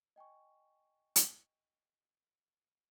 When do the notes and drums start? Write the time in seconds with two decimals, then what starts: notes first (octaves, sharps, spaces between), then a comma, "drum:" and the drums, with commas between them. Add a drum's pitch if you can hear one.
0.16 D#5 G5 G#5 C#6
1.16 drum: hi-hat